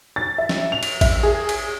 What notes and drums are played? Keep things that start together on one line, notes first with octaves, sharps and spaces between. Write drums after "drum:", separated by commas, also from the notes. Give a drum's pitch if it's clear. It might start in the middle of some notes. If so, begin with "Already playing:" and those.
A6
E5
drum: snare
F7
drum: cymbal
E5, drum: kick A1, cymbal
G#4
drum: cymbal